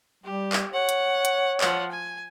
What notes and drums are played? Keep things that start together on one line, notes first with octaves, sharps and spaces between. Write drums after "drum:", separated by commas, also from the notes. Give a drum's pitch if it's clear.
G3 G4
drum: clap
C#5 F#5
drum: hi-hat
drum: hi-hat
F3 F#5, drum: clap
G#5